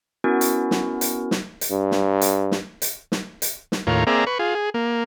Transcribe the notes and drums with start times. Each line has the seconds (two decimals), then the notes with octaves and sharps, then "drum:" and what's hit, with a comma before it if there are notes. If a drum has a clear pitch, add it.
0.24 B3 C#4 E4 F#4 A#4
0.41 drum: hi-hat
0.71 drum: snare
1.01 drum: hi-hat
1.31 drum: snare
1.61 drum: hi-hat
1.71 G2
1.91 drum: snare
2.21 drum: hi-hat
2.52 drum: snare
2.82 drum: hi-hat
3.12 drum: snare
3.42 drum: hi-hat
3.72 drum: snare
3.87 D#2 A2 F4 A#4 C#5
4.07 A#3 C4 G#4 D5 E5 A#5
4.27 B4 C#6
4.39 F4 G#4
4.55 G#4
4.74 A#3